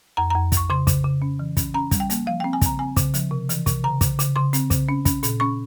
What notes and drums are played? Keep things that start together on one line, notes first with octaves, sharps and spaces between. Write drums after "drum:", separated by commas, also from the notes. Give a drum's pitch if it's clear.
F2 A#5
F2 A#5
F2, drum: kick, hi-hat
C#6
C#3 C6
C#3, drum: kick, hi-hat
C#3
C#4
E3
C#4, drum: kick, hi-hat
C#4 A#5
G3, drum: kick, hi-hat
G5
A#3, drum: hi-hat
F3 F5
C4 G5
G#5
C#3 A#5, drum: kick, hi-hat
C4 G#5
C#3, drum: kick, hi-hat
F3, drum: hi-hat
C3
E3, drum: hi-hat
C3, drum: kick, hi-hat
C#3 A#5
C#3, drum: kick, hi-hat
C#3, drum: hi-hat
C#3 C6
C4, drum: hi-hat
C#3, drum: kick, hi-hat
C#4
C#4, drum: kick, hi-hat
A#2, drum: hi-hat
C#4 C#6